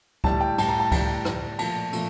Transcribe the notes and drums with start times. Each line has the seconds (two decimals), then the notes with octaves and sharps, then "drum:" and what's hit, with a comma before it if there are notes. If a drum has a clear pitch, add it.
0.24 A2 G3 A5, drum: kick C#2
0.41 G5
0.58 A2 G3 A5, drum: cymbal
0.68 A#5
0.80 A5
0.92 A2 G3 A5, drum: kick C#2, cymbal
1.25 A2 G3, drum: rim click
1.59 A#2 F3 A3 A5, drum: cymbal
1.93 A#2 F3 A3, drum: cymbal